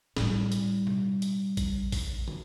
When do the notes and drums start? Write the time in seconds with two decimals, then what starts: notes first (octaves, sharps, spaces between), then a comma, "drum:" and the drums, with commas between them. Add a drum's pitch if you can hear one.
0.16 A2 G3, drum: snare
0.52 drum: hi-hat
0.87 drum: tom B2
1.22 drum: hi-hat
1.57 drum: kick A1, hi-hat
1.92 drum: kick A1, open hi-hat
2.28 drum: tom